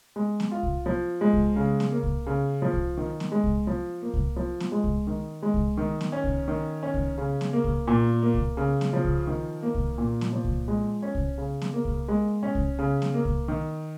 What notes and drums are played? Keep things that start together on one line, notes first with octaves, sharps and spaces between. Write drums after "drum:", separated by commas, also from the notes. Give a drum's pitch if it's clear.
G#3
drum: snare B3
F4
drum: kick C2
F3
G#3
drum: kick C2
C#3
drum: snare B3
A#3
drum: kick C2
C#3
F3
drum: kick C2
D#3
drum: snare B3
G#3
drum: kick C2
F3
A#3
drum: kick C2
F3
drum: snare B3
G#3
drum: kick C2
D#3
G#3
drum: kick C2
D#3
drum: snare B3
C#4
drum: kick C2
D#3
C#4
drum: kick C2
C#3
drum: snare B3
A#3
drum: kick C2
A#2
A#3
drum: kick C2
C#3
drum: snare B3
F3
drum: kick C2
D#3
A#3
drum: kick C2
A#2
drum: snare B3
F3
drum: kick C2
G#3
C#4
drum: kick C2
C#3
drum: snare B3
A#3
drum: kick C2
G#3
C#4
drum: kick C2
C#3
drum: snare B3
A#3
drum: kick C2
D#3